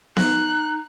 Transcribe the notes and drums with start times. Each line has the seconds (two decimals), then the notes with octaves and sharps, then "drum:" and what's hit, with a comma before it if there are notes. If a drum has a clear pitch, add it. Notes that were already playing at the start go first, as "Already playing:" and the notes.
0.17 D#4 F#6, drum: snare B3